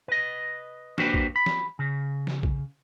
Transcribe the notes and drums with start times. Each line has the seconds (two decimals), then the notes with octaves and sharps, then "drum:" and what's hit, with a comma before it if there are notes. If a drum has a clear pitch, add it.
0.08 B4 D#5
0.98 A#3 D4 F#4 G4 B4 C5, drum: snare
1.14 drum: kick A#1
1.36 B5
1.46 drum: snare
1.79 C#3
2.27 drum: snare
2.43 drum: kick A#1